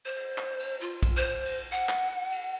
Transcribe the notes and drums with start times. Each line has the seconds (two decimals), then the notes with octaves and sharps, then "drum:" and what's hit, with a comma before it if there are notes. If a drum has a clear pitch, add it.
0.05 C5
0.16 drum: cymbal
0.38 drum: clap
0.59 drum: cymbal
0.81 F4
1.03 drum: kick, cymbal
1.17 C5
1.46 drum: cymbal
1.72 F#5
1.89 drum: clap
2.32 drum: cymbal